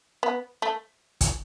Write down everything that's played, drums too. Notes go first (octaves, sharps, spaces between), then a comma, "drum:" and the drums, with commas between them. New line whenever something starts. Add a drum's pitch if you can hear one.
B3
A3
drum: kick, hi-hat